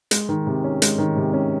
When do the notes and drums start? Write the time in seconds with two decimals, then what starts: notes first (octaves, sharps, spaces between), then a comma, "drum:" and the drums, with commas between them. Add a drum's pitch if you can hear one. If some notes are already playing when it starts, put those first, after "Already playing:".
0.11 G#3, drum: hi-hat
0.29 D#3
0.47 C3
0.64 C#4
0.82 G#3, drum: hi-hat
0.98 D#3
1.17 C3
1.33 C#4